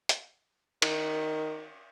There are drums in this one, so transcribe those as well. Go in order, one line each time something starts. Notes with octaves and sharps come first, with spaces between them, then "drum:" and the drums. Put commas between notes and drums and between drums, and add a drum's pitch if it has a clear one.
drum: hi-hat
D#3, drum: cymbal